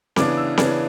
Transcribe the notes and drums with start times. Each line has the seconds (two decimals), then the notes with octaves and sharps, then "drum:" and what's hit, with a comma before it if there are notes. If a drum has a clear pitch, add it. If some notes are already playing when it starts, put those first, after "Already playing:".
0.16 C#3 E3 B3 D4 D6, drum: snare C4
0.37 E6
0.58 C#3 E3 B3 D4, drum: snare C4